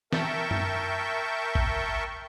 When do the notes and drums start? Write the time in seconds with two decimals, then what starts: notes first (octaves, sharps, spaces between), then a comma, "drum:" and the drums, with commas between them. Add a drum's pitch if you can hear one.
0.13 A#4 E5 G5 A5 C#6 G6, drum: snare
0.51 drum: tom F#2
1.55 drum: kick G#1